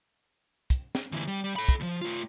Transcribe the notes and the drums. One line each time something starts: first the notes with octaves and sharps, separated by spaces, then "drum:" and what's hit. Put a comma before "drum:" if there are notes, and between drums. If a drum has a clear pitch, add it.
drum: kick, hi-hat
drum: snare
D2 E3
G3
G3
A4 B5
drum: kick, hi-hat
D2 F3
A3 F4